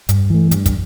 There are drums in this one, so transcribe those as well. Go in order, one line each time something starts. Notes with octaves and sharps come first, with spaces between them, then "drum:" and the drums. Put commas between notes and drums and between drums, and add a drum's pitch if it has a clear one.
G2, drum: hi-hat
E3 A3
G2, drum: hi-hat
drum: kick, hi-hat